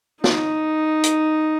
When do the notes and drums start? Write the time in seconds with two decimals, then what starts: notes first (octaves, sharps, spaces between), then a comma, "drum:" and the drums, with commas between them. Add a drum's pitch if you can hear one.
0.24 D#4, drum: snare
1.03 drum: hi-hat